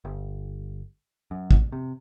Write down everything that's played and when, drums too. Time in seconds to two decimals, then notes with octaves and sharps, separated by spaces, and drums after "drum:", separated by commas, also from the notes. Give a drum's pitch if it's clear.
0.05 G1
1.31 F#2
1.51 drum: kick
1.72 C3